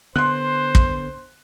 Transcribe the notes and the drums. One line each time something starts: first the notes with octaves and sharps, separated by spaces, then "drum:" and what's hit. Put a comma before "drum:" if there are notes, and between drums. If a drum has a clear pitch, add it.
D3 B3 C5 C6 F#6
drum: kick